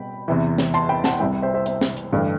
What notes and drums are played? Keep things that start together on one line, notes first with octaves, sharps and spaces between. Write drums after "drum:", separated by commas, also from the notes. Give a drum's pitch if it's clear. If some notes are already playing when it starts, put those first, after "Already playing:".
Already playing: B2 G3 G5 B5
E2 C3 E3
drum: snare
A5 C6, drum: hi-hat
G5 B5
F#5 A5, drum: snare
C2 C3 G3 E5 G5
C5 E5
C5 E5
C5 E5, drum: hi-hat
drum: snare
drum: hi-hat
A1 G2 D3